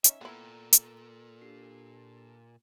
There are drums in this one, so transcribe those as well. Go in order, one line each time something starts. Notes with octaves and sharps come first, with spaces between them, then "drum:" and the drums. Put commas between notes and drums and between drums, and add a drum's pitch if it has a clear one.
C#4 D#4 E5, drum: hi-hat
A#2 B3 E4 A4 G5 A#5
drum: hi-hat
D4 G4 C7